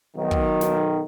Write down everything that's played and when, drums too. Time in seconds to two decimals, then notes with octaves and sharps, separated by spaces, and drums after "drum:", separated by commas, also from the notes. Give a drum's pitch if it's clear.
0.16 B1 D#3
0.31 drum: kick
0.61 drum: snare